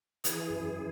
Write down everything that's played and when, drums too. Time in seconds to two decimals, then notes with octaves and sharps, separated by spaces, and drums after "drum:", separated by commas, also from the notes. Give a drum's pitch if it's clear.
0.24 E3 G#4, drum: hi-hat
0.50 F#2
0.76 E3